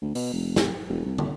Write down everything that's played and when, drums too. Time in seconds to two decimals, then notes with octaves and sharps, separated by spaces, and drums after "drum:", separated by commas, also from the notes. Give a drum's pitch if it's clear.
0.02 D2
0.15 B2, drum: open hi-hat
0.33 F1
0.56 drum: snare
0.89 E1
1.05 C2
1.18 drum: tom